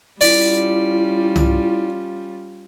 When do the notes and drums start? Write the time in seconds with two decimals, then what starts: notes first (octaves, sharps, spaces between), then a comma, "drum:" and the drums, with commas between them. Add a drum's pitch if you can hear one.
0.21 G3 C#4 E4 F4 D5, drum: open hi-hat
1.36 drum: tom C2